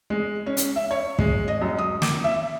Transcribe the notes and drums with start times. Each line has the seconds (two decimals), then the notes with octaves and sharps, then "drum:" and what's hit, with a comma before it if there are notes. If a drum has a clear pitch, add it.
0.10 G#3
0.46 C#4
0.57 drum: hi-hat
0.76 E5
0.91 C#5
1.19 G#3, drum: kick
1.48 D#5
1.62 F#2
1.78 D#6
2.02 D6, drum: snare
2.24 E5